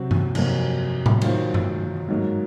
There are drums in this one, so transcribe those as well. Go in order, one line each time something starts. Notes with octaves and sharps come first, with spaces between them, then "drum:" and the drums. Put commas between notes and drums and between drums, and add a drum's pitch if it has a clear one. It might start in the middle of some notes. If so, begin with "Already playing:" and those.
Already playing: C3 F#3 C4 F#4
drum: tom G2
F2 C3 F#3 A#3, drum: cymbal
drum: tom A2
D#3 F#3 A#3 F4 C5, drum: cymbal
drum: tom G2
G#2 F#3 A#3